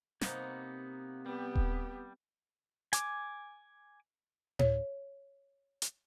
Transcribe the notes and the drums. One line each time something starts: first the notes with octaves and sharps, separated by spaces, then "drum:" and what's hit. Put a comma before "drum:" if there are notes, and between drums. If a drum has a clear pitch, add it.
C3 A#3 B3 D#4, drum: snare
G3 B3 G4
drum: kick D#1
G#5 D6, drum: hi-hat
C#5, drum: tom A2
drum: hi-hat